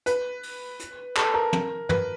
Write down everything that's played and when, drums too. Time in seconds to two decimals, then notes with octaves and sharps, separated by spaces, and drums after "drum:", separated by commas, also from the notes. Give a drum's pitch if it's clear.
0.06 B4, drum: hi-hat
0.43 drum: open hi-hat
0.80 drum: hi-hat
1.16 A4, drum: clap
1.34 A#4
1.53 drum: tom
1.89 B4, drum: tom